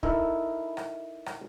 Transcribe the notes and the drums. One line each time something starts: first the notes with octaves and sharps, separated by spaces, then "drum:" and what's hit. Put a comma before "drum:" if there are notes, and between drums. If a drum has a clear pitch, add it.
D#4 E4 A4 A#4 D#5 E5, drum: kick
drum: rim click
drum: rim click